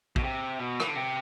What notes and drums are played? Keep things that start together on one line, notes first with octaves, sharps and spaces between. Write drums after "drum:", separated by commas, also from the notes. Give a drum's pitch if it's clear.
B2, drum: kick
C3
B2
E3, drum: rim click
D3
C3